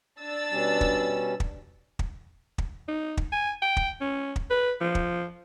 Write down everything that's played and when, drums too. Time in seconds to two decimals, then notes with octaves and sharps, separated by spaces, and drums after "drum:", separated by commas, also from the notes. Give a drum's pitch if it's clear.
0.20 D4 E6 A6
0.51 B2 G3 C#4
0.81 drum: kick
1.40 drum: kick
1.99 drum: kick
2.58 drum: kick
2.88 D#4
3.17 drum: kick
3.32 G#5
3.62 G5
3.77 drum: kick
4.01 C#4
4.36 drum: kick
4.50 B4
4.81 F3
4.95 drum: kick